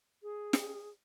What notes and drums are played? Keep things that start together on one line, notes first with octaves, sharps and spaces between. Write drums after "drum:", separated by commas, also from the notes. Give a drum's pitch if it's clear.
G#4
drum: snare